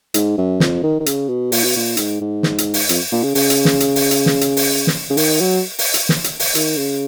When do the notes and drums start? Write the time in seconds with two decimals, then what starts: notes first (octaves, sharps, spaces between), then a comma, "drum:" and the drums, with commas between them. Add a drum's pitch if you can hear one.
0.14 G#2, drum: hi-hat
0.38 F#2
0.60 F2, drum: snare
0.83 D#3
1.00 D#3
1.06 C#3, drum: hi-hat
1.28 B2
1.52 A#2, drum: open hi-hat
1.64 B2
1.76 A#2
1.97 G#2, drum: hi-hat
2.21 G#2
2.43 drum: snare
2.58 drum: hi-hat
2.74 drum: open hi-hat
2.89 F2, drum: hi-hat
3.12 A#2
3.23 C#3
3.35 C#3, drum: open hi-hat
3.50 drum: hi-hat
3.65 drum: snare
3.80 drum: hi-hat
3.96 drum: open hi-hat
4.11 drum: hi-hat
4.26 drum: snare
4.41 drum: hi-hat
4.57 drum: open hi-hat
4.87 drum: snare
5.10 C#3
5.17 D#3, drum: open hi-hat
5.41 F#3
5.79 drum: open hi-hat
5.94 drum: hi-hat
6.09 drum: snare
6.24 drum: hi-hat
6.40 drum: open hi-hat
6.55 D#3, drum: hi-hat
6.77 C#3